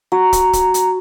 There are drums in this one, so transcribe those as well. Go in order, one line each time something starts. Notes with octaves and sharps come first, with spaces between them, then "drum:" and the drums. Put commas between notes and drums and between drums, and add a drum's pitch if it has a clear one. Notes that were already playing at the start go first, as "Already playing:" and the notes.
F#4 A#5
drum: kick, hi-hat
drum: kick, hi-hat
drum: hi-hat